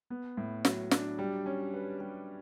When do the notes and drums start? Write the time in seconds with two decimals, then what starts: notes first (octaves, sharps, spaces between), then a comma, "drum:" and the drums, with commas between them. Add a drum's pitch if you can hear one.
0.10 B3
0.37 A2
0.65 F#3, drum: snare
0.91 D4, drum: snare
1.19 G3
1.46 C#4
1.74 B4
2.00 G3